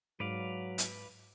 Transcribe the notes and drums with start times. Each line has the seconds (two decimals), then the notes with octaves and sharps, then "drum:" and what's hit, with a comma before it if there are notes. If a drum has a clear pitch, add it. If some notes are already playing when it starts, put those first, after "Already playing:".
0.20 G#2 F#3 B4 D5 F5
0.78 drum: hi-hat